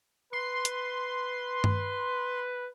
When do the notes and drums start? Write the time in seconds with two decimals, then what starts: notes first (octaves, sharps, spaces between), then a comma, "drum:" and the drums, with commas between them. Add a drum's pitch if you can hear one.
0.33 B4 C6
0.65 drum: hi-hat
1.64 drum: tom G2